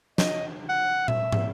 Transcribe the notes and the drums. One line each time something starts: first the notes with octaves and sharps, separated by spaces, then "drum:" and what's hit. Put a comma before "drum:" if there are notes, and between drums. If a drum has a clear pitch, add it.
D#5, drum: snare
F#5
E5, drum: tom A#2
drum: tom